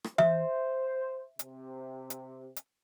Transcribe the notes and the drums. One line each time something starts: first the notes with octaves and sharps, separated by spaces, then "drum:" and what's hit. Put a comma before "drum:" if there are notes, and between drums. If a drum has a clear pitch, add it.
drum: rim click
C5 E5, drum: tom E3
C3, drum: hi-hat
drum: hi-hat
drum: hi-hat